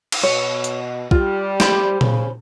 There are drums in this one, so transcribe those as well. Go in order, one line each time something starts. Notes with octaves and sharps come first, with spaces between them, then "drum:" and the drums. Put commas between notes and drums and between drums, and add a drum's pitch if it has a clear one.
drum: cymbal
B2 C#5
drum: hi-hat
G3 F4 G4, drum: kick
C5 B5, drum: snare
C#3, drum: tom A#2